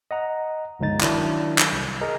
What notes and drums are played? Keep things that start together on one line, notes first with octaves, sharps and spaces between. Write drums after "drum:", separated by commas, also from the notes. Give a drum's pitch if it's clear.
D#5 F#5 A#5
G1 C#2 F3 D#4 A6
D#3 F#3 D4 E4, drum: clap
drum: clap
C2
G#4 A#4 D#5 A#5